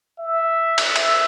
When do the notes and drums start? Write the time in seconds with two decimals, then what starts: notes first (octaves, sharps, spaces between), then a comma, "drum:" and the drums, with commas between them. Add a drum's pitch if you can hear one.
0.19 E5
0.78 drum: cymbal
0.96 E5, drum: cymbal